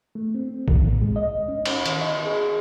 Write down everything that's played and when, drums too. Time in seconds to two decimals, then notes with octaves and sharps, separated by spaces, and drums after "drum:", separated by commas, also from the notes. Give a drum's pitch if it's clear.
0.15 A3
0.34 C4
0.68 D#3, drum: kick
0.84 A2
1.01 G#3
1.16 D#5
1.48 C#4
1.65 drum: cymbal
1.86 D#3, drum: hi-hat
2.01 D#5
2.25 G#4